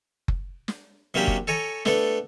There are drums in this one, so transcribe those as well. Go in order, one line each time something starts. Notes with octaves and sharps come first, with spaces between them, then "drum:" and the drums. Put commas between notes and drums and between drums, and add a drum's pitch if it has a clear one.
drum: kick F#1
drum: snare
C3 F#3 A#3 C#4 D4 G4
drum: kick F#1
A4 C#5 G#5 A#5
A3 B3 D4 A4, drum: snare